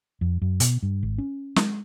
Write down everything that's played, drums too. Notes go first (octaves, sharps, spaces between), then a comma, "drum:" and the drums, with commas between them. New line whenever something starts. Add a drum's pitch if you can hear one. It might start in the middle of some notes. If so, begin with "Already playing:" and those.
F2
F#2
B2, drum: hi-hat
G2
G#1
C#4
G#3, drum: snare